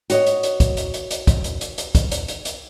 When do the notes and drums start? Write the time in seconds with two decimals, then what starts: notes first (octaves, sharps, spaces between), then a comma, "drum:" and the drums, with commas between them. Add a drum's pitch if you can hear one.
0.10 F#4 C#5 D#5, drum: hi-hat
0.26 drum: hi-hat
0.43 drum: hi-hat
0.60 drum: kick, hi-hat
0.77 drum: hi-hat
0.94 drum: hi-hat
1.11 drum: hi-hat
1.27 drum: kick, hi-hat
1.44 drum: hi-hat
1.61 drum: hi-hat
1.78 drum: hi-hat
1.95 drum: kick, hi-hat
2.12 drum: hi-hat
2.28 drum: hi-hat
2.45 drum: hi-hat